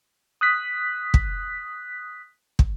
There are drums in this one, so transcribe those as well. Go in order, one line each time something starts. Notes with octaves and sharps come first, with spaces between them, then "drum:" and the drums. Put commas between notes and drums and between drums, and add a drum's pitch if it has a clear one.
D#6 F#6 B6
drum: kick
drum: kick